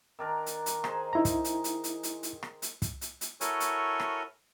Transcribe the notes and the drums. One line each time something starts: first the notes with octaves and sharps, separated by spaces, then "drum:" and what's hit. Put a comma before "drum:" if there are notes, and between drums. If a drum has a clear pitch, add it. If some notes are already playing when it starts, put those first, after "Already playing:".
D#3 D4 A#4
drum: hi-hat
drum: hi-hat
D#4 G#4 C5, drum: rim click
D#4 E4 A#5 C6
drum: kick, hi-hat
drum: hi-hat
drum: hi-hat
drum: hi-hat
drum: hi-hat
drum: hi-hat
drum: rim click
drum: hi-hat
drum: kick, hi-hat
drum: hi-hat
drum: hi-hat
E4 F#4 A4 A#4 C#5 G#5, drum: hi-hat
drum: hi-hat
drum: rim click